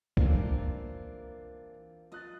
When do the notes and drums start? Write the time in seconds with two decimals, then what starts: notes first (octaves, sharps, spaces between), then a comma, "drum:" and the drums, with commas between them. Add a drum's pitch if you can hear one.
0.17 E3 A#3 C4 D4 F4 A#4, drum: kick
2.12 F4 D#5 D#6 F#6 A6